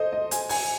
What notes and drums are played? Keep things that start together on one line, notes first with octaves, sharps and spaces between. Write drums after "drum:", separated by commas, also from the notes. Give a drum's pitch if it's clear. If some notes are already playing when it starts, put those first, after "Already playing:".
Already playing: A4 C5 D#5
D#5
G#5, drum: hi-hat
G#5, drum: open hi-hat